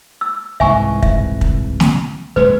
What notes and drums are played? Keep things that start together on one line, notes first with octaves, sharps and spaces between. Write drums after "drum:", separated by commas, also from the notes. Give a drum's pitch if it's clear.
E6
C2 G#2 E3 E5 G#5 C#6
E5, drum: kick
drum: kick
drum: snare
D#1 G#3 A3 B4